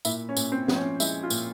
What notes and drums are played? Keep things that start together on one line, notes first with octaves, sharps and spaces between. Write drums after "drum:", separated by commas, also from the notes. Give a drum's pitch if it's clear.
A#2 E4, drum: tambourine
C#4
A#2, drum: tambourine
C4
F3, drum: snare
C#4
G#3 E4, drum: tambourine
F4
A#2, drum: tambourine